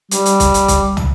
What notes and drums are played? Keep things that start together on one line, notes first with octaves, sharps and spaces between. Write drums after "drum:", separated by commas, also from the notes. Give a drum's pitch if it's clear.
G3, drum: hi-hat
drum: hi-hat
drum: kick B1, hi-hat
drum: hi-hat
drum: kick B1, hi-hat
drum: tom